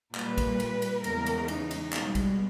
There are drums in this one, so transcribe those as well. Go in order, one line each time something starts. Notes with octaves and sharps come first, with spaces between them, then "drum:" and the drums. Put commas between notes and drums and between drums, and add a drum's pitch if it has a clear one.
A#2 G3 B4, drum: clap
drum: kick, cymbal
drum: cymbal
drum: cymbal
E2 C#3 E3 G#3 A#4, drum: cymbal
drum: cymbal
D#4, drum: cymbal
drum: cymbal
B2 G3 G#3, drum: clap
drum: kick, cymbal